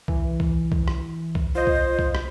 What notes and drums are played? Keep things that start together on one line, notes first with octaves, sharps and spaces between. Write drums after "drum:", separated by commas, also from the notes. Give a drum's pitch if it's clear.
E3, drum: kick C2
drum: kick C2
drum: kick C2
drum: rim click
drum: kick C2
F4 C5 D#5
drum: kick C2
drum: kick C2
drum: rim click